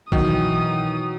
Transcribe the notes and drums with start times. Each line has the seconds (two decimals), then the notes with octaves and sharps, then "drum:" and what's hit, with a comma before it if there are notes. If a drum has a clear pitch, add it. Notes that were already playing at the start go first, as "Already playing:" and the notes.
0.12 B2 D#3 E3 F#3 D#6, drum: kick